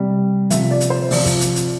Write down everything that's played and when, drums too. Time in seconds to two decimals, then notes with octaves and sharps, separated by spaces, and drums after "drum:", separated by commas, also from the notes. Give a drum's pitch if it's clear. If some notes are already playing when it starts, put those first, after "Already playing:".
Already playing: C3 G3
0.50 C3 F3 E5, drum: hi-hat
0.71 D5
0.80 drum: hi-hat
0.90 C5
1.11 C3 F3 D5, drum: open hi-hat
1.26 drum: kick, hi-hat
1.41 drum: hi-hat
1.56 drum: hi-hat